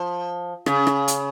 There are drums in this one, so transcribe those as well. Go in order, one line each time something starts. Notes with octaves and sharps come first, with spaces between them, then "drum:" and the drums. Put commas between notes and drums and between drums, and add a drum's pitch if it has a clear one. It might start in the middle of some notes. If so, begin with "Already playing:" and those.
Already playing: F3
C#3, drum: rim click
drum: rim click
drum: hi-hat